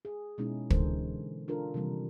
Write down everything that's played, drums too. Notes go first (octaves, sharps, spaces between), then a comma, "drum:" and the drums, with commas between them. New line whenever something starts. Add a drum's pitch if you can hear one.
G#4
B2 G#3 C#4 D#4 E4
D3 E3 G#3 A4 A#4 C5, drum: kick
D4 F4 A4 A#4
C3 D#3 E3 G3 A#3